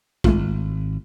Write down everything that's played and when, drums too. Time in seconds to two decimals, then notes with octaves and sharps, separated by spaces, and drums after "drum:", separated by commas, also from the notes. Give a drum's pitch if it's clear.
0.24 G#1 G#3 A3 F4, drum: kick